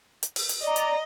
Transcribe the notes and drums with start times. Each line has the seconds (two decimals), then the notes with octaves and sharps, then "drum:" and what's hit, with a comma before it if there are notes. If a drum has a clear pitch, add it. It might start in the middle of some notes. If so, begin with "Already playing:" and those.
0.23 drum: hi-hat
0.36 drum: open hi-hat
0.49 drum: hi-hat
0.63 D5 D#5 A#5
0.76 drum: hi-hat